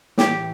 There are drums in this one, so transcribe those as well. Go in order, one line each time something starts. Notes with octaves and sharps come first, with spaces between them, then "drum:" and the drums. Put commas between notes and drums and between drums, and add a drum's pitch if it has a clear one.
A2 E3 G4, drum: snare